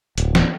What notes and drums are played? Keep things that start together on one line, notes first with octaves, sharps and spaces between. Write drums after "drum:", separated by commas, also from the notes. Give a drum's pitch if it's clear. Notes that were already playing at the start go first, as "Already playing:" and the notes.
D1, drum: hi-hat
drum: snare